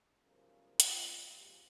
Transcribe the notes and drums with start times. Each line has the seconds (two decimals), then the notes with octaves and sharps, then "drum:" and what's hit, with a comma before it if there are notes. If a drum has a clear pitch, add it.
0.23 B1 G#2 C#3 F3 G3 A#4
0.80 C#2 B2 F#3 C4 F4, drum: hi-hat
1.30 D#2 C3 F3 G#3